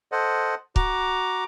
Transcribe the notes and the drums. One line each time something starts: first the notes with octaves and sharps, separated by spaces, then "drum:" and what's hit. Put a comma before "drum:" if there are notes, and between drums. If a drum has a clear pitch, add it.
A4 C5 D#5 F#5
F#4 A#5 D6, drum: kick C#1